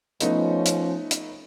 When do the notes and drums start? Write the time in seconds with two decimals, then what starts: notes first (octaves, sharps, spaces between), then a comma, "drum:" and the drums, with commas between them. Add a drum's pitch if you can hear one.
0.20 F3 A3 B3 C#4 D#4, drum: hi-hat
0.66 drum: hi-hat
1.11 drum: hi-hat